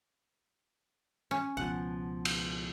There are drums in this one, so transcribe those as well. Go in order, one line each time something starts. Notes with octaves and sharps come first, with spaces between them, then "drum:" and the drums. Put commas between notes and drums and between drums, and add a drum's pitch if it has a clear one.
C#4
C#2 B2 F3 F#5
drum: cymbal